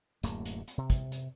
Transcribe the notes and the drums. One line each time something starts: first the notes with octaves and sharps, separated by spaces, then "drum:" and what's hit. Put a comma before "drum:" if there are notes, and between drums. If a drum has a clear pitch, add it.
D1 F#2 A3 A#3, drum: hi-hat
drum: hi-hat
drum: hi-hat
C3
drum: kick, hi-hat
drum: hi-hat